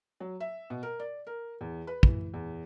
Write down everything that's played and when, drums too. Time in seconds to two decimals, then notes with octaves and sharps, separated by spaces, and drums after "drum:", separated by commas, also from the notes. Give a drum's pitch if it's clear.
0.20 F#3
0.40 E5
0.70 B2
0.83 A#4
1.00 D5
1.27 A#4
1.61 E2
1.87 B4
2.03 E3, drum: kick
2.34 E2